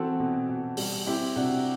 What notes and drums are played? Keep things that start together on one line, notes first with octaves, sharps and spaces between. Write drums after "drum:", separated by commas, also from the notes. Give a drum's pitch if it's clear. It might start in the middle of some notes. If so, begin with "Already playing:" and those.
Already playing: E3 C4 F#4 A4
B2
B2
G3, drum: open hi-hat
C4 E4 G4
C3 D4 F#4